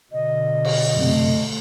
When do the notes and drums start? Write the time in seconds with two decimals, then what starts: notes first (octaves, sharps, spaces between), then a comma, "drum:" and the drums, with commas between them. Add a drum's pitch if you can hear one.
0.12 B2 D3 D#5
0.65 drum: cymbal
0.96 F#2 C3 A3